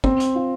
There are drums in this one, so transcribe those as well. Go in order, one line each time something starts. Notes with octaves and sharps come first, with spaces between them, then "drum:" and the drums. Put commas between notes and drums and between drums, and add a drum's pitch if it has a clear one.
C4, drum: kick
drum: hi-hat
F4